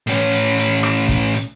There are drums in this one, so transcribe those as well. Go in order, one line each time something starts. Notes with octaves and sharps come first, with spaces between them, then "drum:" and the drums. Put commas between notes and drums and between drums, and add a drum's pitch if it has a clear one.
A2 C#4, drum: hi-hat
drum: hi-hat
drum: hi-hat
drum: rim click
drum: kick, hi-hat
drum: hi-hat